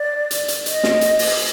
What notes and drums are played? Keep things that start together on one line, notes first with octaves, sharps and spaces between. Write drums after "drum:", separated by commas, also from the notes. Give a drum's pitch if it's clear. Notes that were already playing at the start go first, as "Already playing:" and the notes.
Already playing: D5
drum: hi-hat
drum: hi-hat
D#5, drum: hi-hat
drum: snare
drum: hi-hat
drum: open hi-hat